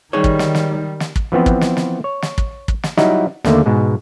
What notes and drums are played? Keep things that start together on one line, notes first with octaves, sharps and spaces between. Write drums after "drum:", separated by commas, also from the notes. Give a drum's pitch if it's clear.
D#3 G3 D#4 G#4 C#5
drum: kick
drum: snare
drum: snare
drum: snare
drum: kick
E3 F3 B3 C4 F4
drum: kick
drum: snare
drum: snare
C#5
drum: snare
drum: kick
drum: kick
drum: snare
F#3 G3 D#4 E4 D#5 F#5, drum: snare
D#2 D3 A3 A#3, drum: snare
G#2 B2 G#3